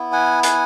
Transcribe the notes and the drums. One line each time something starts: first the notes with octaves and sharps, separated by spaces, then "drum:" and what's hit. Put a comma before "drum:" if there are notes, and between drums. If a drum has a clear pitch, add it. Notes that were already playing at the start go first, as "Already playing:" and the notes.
Already playing: B3 E4
F#5 G#5
F#5 G#5, drum: hi-hat